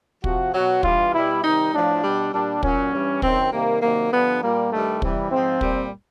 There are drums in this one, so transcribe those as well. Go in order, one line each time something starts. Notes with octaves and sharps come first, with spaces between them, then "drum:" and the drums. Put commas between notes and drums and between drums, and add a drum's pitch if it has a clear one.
C3 F3 F#4, drum: kick
B2 F#3 F#4
G2 E3 G3 F4, drum: kick
B2 G3 E4
C3 D#3 G3 D#4
A2 F3 D4
B2 G3
A#2 G3 D4
A#2 F#3 C#4, drum: kick
G2 E3 G3
F#2 D#3 F#3 C4, drum: kick
C3 D#3 G3 A#3
C3 D#3 F#3 A#3
G2 D3 F3 B3
A#2 G3 A#3
G2 D#3 G3 A3
C3 E3 G3, drum: kick
G#2 F3 C4
A#2 G3, drum: kick